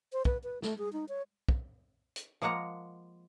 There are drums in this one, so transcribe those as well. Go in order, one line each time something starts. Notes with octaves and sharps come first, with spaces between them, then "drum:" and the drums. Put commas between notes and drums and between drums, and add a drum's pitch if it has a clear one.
C5
B4, drum: kick
B4
A3, drum: snare
G#4
D#4
C#5
drum: kick
drum: hi-hat
F3 G#3 A#3 F#5 A#5